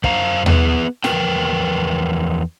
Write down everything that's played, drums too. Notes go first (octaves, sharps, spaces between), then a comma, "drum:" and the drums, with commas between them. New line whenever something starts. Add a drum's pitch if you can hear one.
F#2 C5 F5 A#5, drum: kick
B3 G#4 B4, drum: tom D#2
E2 F3 A#4 B4 G5, drum: snare